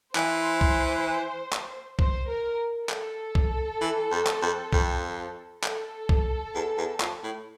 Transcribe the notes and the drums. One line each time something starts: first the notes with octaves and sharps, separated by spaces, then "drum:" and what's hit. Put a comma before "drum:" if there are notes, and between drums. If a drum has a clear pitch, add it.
E3 C5, drum: clap
drum: kick B1
drum: clap
C5, drum: kick B1
A#4
A4, drum: clap
drum: kick B1
E3
F2
drum: clap
F2
F2, drum: kick B1
A4, drum: clap
drum: kick B1
E2
E2
F2, drum: clap
A2